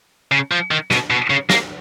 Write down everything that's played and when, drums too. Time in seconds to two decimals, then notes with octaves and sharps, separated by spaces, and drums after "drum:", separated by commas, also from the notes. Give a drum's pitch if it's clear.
0.32 C#3
0.51 F3
0.71 D#3
0.91 B2, drum: snare
1.10 B2
1.30 C#3
1.50 A#3, drum: snare